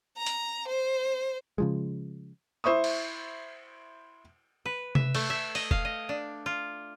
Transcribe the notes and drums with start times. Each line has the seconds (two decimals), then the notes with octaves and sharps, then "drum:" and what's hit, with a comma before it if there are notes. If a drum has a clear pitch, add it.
0.17 A#5
0.26 drum: hi-hat
0.68 C5
1.58 C#3 F3 G#3
2.64 E4 C5 E5 C#6 D#6
2.84 drum: cymbal
4.65 B4
4.95 E5, drum: tom C3
5.15 A3, drum: cymbal
5.30 E5
5.55 D#5, drum: open hi-hat
5.71 F5, drum: kick F1
5.85 D#5
6.09 D4
6.46 F4